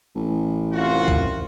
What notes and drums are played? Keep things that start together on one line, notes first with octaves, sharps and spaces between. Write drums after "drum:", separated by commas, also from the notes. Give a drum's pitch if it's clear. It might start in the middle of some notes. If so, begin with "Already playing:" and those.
A1
C2 F4 F#4
drum: kick C2